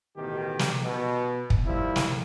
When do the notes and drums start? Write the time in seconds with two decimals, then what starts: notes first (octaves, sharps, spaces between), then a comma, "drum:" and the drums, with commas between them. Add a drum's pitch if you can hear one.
0.16 A1 B2 D#3 G4
0.59 drum: snare
0.82 B2
1.50 drum: kick
1.66 D#3 F3 G3 E4
1.96 drum: snare